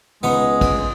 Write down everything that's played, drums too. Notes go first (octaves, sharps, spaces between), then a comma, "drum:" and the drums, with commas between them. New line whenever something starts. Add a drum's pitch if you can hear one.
C#2 G#3 B3 D#4
drum: kick, cymbal